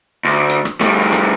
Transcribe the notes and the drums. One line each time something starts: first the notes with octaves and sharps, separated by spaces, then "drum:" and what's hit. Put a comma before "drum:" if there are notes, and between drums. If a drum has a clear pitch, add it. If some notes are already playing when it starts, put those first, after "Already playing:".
D2
drum: hi-hat
drum: rim click
G2 A3, drum: rim click
drum: rim click